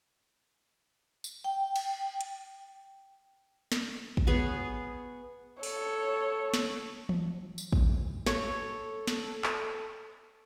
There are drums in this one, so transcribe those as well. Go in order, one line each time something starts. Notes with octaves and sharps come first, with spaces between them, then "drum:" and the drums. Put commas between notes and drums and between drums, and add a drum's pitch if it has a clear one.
drum: tambourine
G5
drum: cymbal
drum: hi-hat
drum: snare
drum: kick
B3 G#4 C#5
A4 C#5, drum: open hi-hat
drum: snare
drum: tom E3
drum: tambourine
drum: kick
A4 C#5, drum: snare
drum: snare
drum: clap